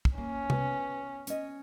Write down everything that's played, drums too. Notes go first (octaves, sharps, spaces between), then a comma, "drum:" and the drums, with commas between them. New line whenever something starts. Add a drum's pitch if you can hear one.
drum: kick
A#3 C#4
B3, drum: tom C3
C#4 D#5, drum: hi-hat